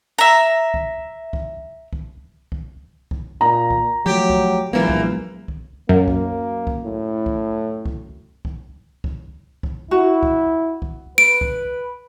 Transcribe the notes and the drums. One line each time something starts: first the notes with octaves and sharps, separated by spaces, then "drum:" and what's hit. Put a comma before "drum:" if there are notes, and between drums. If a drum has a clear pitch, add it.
E5 A#5
drum: kick
drum: kick
drum: kick
drum: kick
drum: kick
A#2 A#5
drum: kick
F3 F#3 A3 G4
drum: kick
A#1 E3 F#3 G#3 A#3 B3
drum: kick
drum: kick
F#2 A#3
drum: kick
drum: kick
A2
drum: kick
drum: kick
drum: kick
drum: kick
drum: kick
E4 F#4
drum: kick
drum: kick
B4 D7
drum: kick